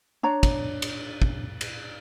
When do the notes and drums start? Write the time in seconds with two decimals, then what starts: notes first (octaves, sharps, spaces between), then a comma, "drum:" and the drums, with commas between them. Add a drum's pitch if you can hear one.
0.23 D4 C#5 A#5
0.43 drum: kick, cymbal
0.82 drum: cymbal
1.22 drum: kick
1.61 drum: cymbal